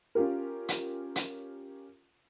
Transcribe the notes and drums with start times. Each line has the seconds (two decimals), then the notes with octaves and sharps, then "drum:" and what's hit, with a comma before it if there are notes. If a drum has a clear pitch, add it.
0.15 C#4 F4 G4 A#4
0.69 drum: hi-hat
1.16 drum: hi-hat